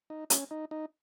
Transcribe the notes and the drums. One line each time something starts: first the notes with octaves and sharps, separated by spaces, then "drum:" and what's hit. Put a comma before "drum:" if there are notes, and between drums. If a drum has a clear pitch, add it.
D#4
C#4, drum: hi-hat
D#4
D#4